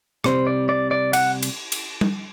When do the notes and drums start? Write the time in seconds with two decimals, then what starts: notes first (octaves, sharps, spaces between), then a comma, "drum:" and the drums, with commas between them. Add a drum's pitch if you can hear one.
0.24 C2 C3 G3 C5, drum: rim click
0.47 D5
0.69 D5
0.91 D5
1.13 F#5, drum: cymbal
1.43 drum: cymbal
1.72 drum: cymbal
2.01 drum: tom G3